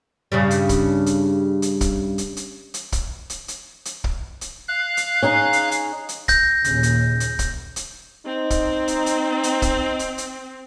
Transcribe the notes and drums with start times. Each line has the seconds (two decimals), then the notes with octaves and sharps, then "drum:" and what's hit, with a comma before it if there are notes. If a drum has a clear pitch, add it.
0.32 G2 C#3 G3
0.51 drum: hi-hat
0.69 drum: kick, hi-hat
1.06 drum: hi-hat
1.62 drum: hi-hat
1.81 drum: kick, hi-hat
2.18 drum: hi-hat
2.37 drum: hi-hat
2.74 drum: hi-hat
2.92 drum: kick, hi-hat
3.30 drum: hi-hat
3.48 drum: hi-hat
3.85 drum: hi-hat
4.04 drum: kick
4.41 drum: hi-hat
4.68 F5 F#6
4.97 drum: hi-hat
5.22 C#4 D#4 G#4
5.53 drum: hi-hat
5.71 drum: hi-hat
6.09 drum: hi-hat
6.28 G6 A#6, drum: kick, hi-hat
6.64 D#2 A#2 C#3, drum: hi-hat
6.83 drum: hi-hat
7.20 drum: hi-hat
7.39 drum: kick, hi-hat
7.76 drum: hi-hat
8.26 C4 D#4
8.50 drum: kick, hi-hat
8.88 drum: hi-hat
9.06 drum: hi-hat
9.43 drum: hi-hat
9.62 drum: kick, hi-hat
9.99 drum: hi-hat
10.18 drum: hi-hat